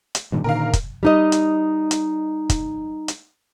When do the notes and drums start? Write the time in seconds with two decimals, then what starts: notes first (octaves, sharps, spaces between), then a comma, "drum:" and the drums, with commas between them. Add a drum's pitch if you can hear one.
0.15 drum: hi-hat
0.32 G2 A#2 D#3
0.44 A#2 D3 D#3 A#4 F5
0.73 drum: kick, hi-hat
1.03 G3 D#4 D#5
1.32 drum: hi-hat
1.91 drum: hi-hat
2.50 drum: kick, hi-hat
3.08 drum: hi-hat